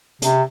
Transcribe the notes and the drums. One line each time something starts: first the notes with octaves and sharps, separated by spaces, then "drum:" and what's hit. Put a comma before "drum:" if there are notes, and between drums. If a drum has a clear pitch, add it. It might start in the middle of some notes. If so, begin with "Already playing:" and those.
C3, drum: hi-hat